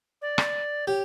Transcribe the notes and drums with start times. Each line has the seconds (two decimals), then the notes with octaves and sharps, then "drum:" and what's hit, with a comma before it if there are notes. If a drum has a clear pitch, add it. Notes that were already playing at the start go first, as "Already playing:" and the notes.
0.21 D5
0.38 drum: rim click
0.87 G4 C#5